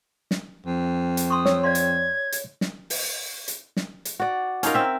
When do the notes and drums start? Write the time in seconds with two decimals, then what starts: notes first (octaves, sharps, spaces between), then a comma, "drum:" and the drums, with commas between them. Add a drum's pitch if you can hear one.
0.31 drum: snare
0.66 F2
1.17 drum: hi-hat
1.30 C6 C#6 D#6
1.46 C#5 E6, drum: snare
1.63 D5 F5 C6 G#6
1.75 drum: hi-hat
2.32 drum: hi-hat
2.61 drum: snare
2.90 drum: open hi-hat
3.48 drum: hi-hat
3.77 drum: snare
4.05 drum: hi-hat
4.20 F#4 D5
4.63 C#4 D#4 F4 A#4, drum: hi-hat
4.74 C4 E5